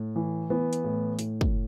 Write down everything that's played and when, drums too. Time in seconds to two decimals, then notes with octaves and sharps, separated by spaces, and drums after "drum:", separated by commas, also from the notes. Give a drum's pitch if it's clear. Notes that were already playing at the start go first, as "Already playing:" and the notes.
Already playing: A2
0.16 E3
0.50 E3 B3
0.73 drum: hi-hat
0.84 A2
1.19 A2, drum: hi-hat
1.41 drum: kick